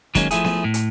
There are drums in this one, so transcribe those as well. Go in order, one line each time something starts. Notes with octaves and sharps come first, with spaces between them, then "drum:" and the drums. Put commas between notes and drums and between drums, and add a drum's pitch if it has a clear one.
D#3 F#3 G#3 A#3 C#4, drum: kick, hi-hat
F3 A3 E4 G#4, drum: hi-hat
drum: snare B3
A2
drum: hi-hat